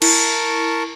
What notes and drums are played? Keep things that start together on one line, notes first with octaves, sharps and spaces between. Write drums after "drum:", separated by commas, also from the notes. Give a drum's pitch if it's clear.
E4 A#4 A5 C#6, drum: cymbal